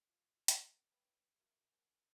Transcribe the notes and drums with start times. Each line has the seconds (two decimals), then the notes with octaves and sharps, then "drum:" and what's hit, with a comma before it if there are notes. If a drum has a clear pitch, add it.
0.09 F4
0.48 drum: hi-hat
0.71 C4 A#4 C5 A#5
0.92 G4 B4 C#5 F5 G5
1.40 F#4 A#4 E5 F5
1.71 A#4 C5 F#5 G#5